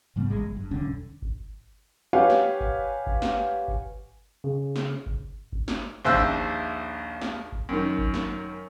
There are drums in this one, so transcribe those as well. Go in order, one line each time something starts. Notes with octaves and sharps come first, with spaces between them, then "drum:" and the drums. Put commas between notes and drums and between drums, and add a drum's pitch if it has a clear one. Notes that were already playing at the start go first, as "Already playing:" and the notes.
G#2 C#3 G3 B3
A1 G3 G#3
G1
G2
E1 B1 D3 C#4
drum: kick G1
G4 B4 C#5 F5 F#5 G#5
drum: snare
drum: kick G1
drum: kick G1
drum: snare
drum: kick G1
C#3
drum: snare
drum: kick G1
drum: kick G1
drum: snare
A#1 D#2 C5 E5 E6 F#6
drum: kick G1
drum: snare
drum: kick G1
F#2 D#3
drum: kick G1
drum: snare